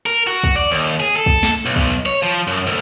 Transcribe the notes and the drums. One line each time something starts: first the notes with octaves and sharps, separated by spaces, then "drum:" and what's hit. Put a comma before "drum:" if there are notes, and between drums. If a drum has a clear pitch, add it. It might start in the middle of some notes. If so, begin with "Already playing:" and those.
A#4
F#4
drum: kick, open hi-hat
D5
D#2
G#4
A4
drum: kick
drum: snare
B1
drum: kick, open hi-hat
C#5
F3
F#2
D2